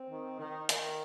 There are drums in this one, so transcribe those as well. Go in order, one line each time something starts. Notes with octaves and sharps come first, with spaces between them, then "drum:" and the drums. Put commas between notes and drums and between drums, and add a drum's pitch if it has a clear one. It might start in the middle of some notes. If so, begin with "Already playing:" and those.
Already playing: C4
D#3
D#3
D#3, drum: hi-hat